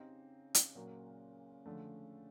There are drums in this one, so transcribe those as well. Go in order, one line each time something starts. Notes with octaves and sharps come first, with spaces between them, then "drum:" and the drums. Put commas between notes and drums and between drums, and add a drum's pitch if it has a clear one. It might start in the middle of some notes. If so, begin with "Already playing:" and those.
Already playing: C#3 C4 D#4 G4
drum: hi-hat
A#2 F#3 A#3
D3 F3 A3